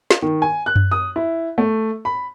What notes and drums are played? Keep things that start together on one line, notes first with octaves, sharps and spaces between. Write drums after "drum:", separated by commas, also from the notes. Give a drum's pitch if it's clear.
drum: snare
D#3
G#5
F#6
drum: tom F#2
D#6
E4
A3
B5